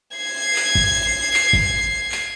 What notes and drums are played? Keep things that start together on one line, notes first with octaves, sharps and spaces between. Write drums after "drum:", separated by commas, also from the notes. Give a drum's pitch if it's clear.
G#6 C7
drum: clap
drum: kick G#1
drum: clap
drum: kick G#1
drum: clap